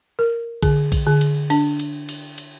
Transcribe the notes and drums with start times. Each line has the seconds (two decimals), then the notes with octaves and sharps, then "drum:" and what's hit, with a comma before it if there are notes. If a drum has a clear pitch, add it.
0.19 A#4
0.63 D3, drum: kick A#1, cymbal
0.92 drum: kick A#1, cymbal
1.06 D3
1.21 drum: cymbal
1.50 D4, drum: cymbal
1.79 drum: cymbal
2.09 drum: cymbal
2.38 drum: cymbal